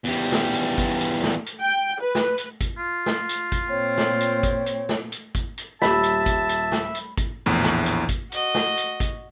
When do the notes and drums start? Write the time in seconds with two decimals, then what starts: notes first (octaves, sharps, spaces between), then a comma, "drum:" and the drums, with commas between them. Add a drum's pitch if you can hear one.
0.05 E2 G3
0.32 drum: snare
0.55 drum: hi-hat
0.78 drum: kick G#1, hi-hat
1.01 drum: hi-hat
1.23 drum: snare
1.46 drum: hi-hat
1.61 G5
2.00 B4
2.15 drum: snare
2.38 drum: hi-hat
2.61 drum: kick G#1, hi-hat
2.78 F4
3.06 drum: snare
3.29 drum: hi-hat
3.52 drum: kick G#1, hi-hat
3.69 A#2 C4 C#5
3.98 drum: snare
4.20 drum: hi-hat
4.43 drum: kick G#1, hi-hat
4.66 drum: hi-hat
4.89 drum: snare
5.12 drum: hi-hat
5.35 drum: kick G#1, hi-hat
5.58 drum: hi-hat
5.82 D#1 G3 E5 A5 B5 E6 B6, drum: snare
6.03 drum: hi-hat
6.26 drum: kick G#1, hi-hat
6.49 drum: hi-hat
6.72 drum: snare
6.95 drum: hi-hat
7.17 drum: kick G#1, hi-hat
7.46 A#1 E2 A2
7.63 drum: snare
7.86 drum: hi-hat
8.09 drum: kick G#1, hi-hat
8.32 F#4 D#5, drum: hi-hat
8.55 drum: snare
8.77 drum: hi-hat
9.00 drum: kick G#1, hi-hat